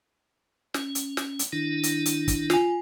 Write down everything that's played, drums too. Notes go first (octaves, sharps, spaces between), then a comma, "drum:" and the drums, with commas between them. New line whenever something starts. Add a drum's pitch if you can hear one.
C#4, drum: snare
drum: hi-hat
drum: snare
drum: hi-hat
D#3 D4 E4
drum: hi-hat
drum: hi-hat
drum: kick, hi-hat
F4 G#5, drum: snare